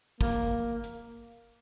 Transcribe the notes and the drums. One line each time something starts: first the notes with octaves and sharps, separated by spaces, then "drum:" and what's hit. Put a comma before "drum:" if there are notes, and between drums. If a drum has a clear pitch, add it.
A#3, drum: kick
drum: hi-hat